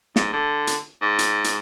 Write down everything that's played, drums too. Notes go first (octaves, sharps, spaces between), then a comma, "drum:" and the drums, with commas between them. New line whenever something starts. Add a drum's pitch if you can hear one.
G#2, drum: snare
D3
drum: hi-hat
G#2
drum: hi-hat
drum: hi-hat